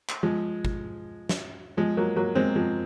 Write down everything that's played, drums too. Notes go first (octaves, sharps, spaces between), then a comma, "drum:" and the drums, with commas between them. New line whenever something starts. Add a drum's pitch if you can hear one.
drum: clap
F3 G#3
drum: kick
drum: snare
F3 G#3
F#3 A#3
F#3 A#3
G#3 C4
F3 G#3